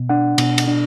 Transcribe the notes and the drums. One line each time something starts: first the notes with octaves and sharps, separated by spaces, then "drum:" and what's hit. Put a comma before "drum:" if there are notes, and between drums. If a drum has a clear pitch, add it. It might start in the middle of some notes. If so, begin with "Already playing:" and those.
Already playing: B2
D4 F#5
B2, drum: cymbal
drum: cymbal
D4